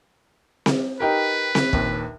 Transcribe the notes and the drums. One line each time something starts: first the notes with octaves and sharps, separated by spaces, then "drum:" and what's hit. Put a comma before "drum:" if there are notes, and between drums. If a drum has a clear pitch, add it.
drum: snare C4
D#4 G4 A#4 B4
drum: snare C4
A#1 D#2, drum: kick